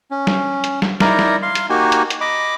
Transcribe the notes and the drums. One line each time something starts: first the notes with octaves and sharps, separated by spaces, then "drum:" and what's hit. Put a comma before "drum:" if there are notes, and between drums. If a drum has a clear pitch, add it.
C#4
drum: snare
drum: hi-hat
drum: snare
D#4 E4 A#4 D5 A#5, drum: snare
drum: snare
F5 C6
drum: hi-hat
A#3 D#4 F#4 G4 G#5
drum: hi-hat
drum: hi-hat
D#5 B5 D6